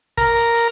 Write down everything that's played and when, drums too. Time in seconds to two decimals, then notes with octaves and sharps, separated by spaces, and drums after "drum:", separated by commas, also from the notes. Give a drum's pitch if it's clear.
0.17 A#4, drum: kick, hi-hat
0.36 drum: hi-hat
0.54 drum: hi-hat